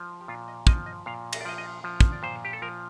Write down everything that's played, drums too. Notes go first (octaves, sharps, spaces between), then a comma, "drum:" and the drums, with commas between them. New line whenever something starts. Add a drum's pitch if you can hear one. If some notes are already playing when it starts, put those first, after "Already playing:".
Already playing: F3
G4
A#2 F4
D#5
F3 D#5, drum: kick
D#5
A#2 F5
D#5, drum: cymbal
D5
F3 D#5
D#5
F3
drum: kick
D5
A#2 C5
G4
A4
F3 A#4